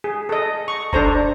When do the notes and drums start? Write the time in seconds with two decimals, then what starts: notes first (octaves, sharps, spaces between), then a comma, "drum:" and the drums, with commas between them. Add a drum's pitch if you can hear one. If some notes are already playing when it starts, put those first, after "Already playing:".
0.04 G#4
0.29 A4 D#5
0.68 C#6
0.93 D4 A4 C5 A#5, drum: kick